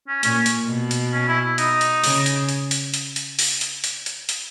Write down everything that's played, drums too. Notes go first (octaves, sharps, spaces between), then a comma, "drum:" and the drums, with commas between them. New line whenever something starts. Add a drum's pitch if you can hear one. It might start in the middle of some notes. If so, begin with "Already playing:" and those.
C#4
A#2 C#4, drum: hi-hat
drum: hi-hat
B2
drum: hi-hat
C#4
E4
E4
D#4, drum: hi-hat
drum: hi-hat
C#3, drum: open hi-hat
drum: hi-hat
drum: hi-hat
drum: hi-hat
drum: hi-hat
drum: hi-hat
drum: open hi-hat
drum: hi-hat
drum: hi-hat
drum: hi-hat
drum: hi-hat